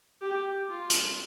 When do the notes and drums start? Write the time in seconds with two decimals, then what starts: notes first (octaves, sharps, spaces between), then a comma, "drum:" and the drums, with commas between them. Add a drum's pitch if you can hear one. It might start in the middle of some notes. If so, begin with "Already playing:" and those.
0.21 G4
0.70 F4
0.90 drum: hi-hat